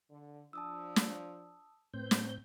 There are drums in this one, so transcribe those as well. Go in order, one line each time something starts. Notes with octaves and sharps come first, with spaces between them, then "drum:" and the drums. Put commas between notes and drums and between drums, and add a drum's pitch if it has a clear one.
D3
F3 D4 A5 D#6 E6
drum: snare
A2 C4 B4 C5 G6
drum: snare